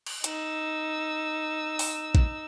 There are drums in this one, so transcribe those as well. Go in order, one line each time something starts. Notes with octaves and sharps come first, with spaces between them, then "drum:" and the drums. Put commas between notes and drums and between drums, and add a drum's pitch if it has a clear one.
drum: cymbal
D#4 E6, drum: hi-hat
drum: open hi-hat
drum: kick A1